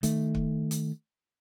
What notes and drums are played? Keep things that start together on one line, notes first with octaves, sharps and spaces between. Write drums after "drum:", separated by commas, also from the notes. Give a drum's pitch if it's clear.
D#3 A3, drum: hi-hat
drum: kick
drum: hi-hat